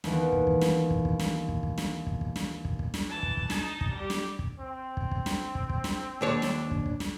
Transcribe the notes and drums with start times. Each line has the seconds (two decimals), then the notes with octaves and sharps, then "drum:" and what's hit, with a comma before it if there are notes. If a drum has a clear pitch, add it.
0.04 D#2 E3 B3, drum: snare
0.32 drum: kick
0.47 drum: kick
0.61 drum: snare
0.90 drum: kick
1.05 drum: kick
1.19 drum: snare
1.48 drum: kick
1.63 drum: kick
1.78 drum: snare
2.07 drum: kick
2.21 drum: kick
2.36 drum: snare
2.65 drum: kick
2.79 drum: kick
2.94 drum: snare
3.08 E3 A5
3.23 drum: kick
3.37 drum: kick
3.50 D#4 A5, drum: snare
3.81 drum: kick
3.92 G3 G4
4.10 drum: snare
4.39 drum: kick
4.59 C4
4.97 drum: kick
5.11 drum: kick
5.26 drum: snare
5.55 drum: kick
5.70 drum: kick
5.84 drum: snare
6.21 D#2 D4 C#5
6.42 drum: snare
6.71 drum: kick
6.86 drum: kick
7.00 drum: snare